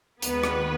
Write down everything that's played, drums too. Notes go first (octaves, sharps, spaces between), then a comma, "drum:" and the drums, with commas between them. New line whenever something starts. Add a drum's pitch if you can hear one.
D#2 D#3 G#3 B3 B4, drum: hi-hat
drum: rim click